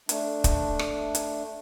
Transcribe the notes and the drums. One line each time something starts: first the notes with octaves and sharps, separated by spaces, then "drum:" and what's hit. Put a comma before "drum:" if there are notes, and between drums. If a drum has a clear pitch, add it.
A3 D4, drum: hi-hat
drum: kick, hi-hat
drum: rim click
drum: hi-hat